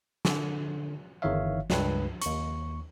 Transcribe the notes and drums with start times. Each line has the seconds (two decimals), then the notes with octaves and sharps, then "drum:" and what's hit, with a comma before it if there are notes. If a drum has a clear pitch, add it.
0.25 D3, drum: snare
1.22 G1 D#3 E3 C#5 E5 F5
1.70 C#2 G2 B4, drum: snare
2.22 D#2 C#6, drum: hi-hat